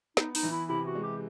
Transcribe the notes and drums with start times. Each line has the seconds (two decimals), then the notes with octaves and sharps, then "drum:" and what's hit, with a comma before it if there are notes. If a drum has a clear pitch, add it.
0.17 B3 D#4, drum: snare
0.35 D#4, drum: open hi-hat
0.43 E3
0.52 E4
0.69 C3 E4
0.86 F#4
0.95 G#3
1.03 G4